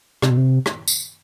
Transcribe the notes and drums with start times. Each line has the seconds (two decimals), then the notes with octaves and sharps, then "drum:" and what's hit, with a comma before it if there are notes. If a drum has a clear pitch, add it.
0.22 C3, drum: rim click
0.30 B2
0.37 C3
0.66 drum: rim click
0.88 drum: tambourine